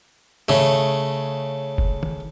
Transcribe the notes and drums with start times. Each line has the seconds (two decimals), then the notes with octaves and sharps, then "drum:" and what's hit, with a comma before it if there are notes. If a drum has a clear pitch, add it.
0.49 C#3 A3
1.78 drum: kick F1
2.03 drum: tom